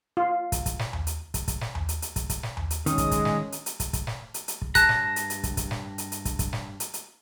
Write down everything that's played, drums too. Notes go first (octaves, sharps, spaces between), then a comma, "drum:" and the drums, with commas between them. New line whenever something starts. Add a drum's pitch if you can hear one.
F4
drum: kick, hi-hat
drum: kick, hi-hat
drum: snare
drum: tom D#2
drum: hi-hat
drum: kick, hi-hat
drum: kick, hi-hat
drum: snare
drum: tom D#2
drum: hi-hat
drum: hi-hat
drum: kick, hi-hat
drum: kick, hi-hat
drum: snare
drum: tom D#2
drum: hi-hat
D#3 G#3 C#4 D#6, drum: hi-hat
drum: kick, hi-hat
drum: kick, hi-hat
drum: snare
drum: hi-hat
drum: hi-hat
drum: kick, hi-hat
drum: kick, hi-hat
drum: snare
drum: hi-hat
drum: hi-hat
drum: kick
G2 A5 A#5 F#6, drum: kick, hi-hat
drum: snare
drum: hi-hat
drum: hi-hat
drum: kick, hi-hat
drum: kick, hi-hat
drum: snare
drum: hi-hat
drum: hi-hat
drum: kick, hi-hat
drum: kick, hi-hat
drum: snare
drum: hi-hat
drum: hi-hat